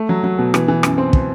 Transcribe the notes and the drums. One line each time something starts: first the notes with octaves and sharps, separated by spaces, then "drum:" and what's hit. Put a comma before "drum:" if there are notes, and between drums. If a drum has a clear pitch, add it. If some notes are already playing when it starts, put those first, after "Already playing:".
Already playing: A3
F#3
F#3
B2
E3, drum: rim click
E3
F#2, drum: rim click
C4
drum: kick